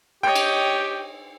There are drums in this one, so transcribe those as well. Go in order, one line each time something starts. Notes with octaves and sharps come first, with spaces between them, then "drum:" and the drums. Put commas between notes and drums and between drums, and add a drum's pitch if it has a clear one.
G4 C#5 D#5 G5
drum: cymbal